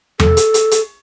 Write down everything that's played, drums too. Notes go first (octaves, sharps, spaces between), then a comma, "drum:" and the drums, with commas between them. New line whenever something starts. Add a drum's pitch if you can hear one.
A4, drum: tom E2
drum: hi-hat
drum: hi-hat
drum: hi-hat